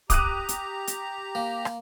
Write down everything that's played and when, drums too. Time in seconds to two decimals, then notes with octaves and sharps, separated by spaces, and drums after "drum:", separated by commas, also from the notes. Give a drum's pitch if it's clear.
0.10 G4 A#5 D6 D#6 F#6 D#7, drum: kick, hi-hat
0.49 drum: hi-hat
0.87 drum: hi-hat
1.35 A#3
1.65 drum: rim click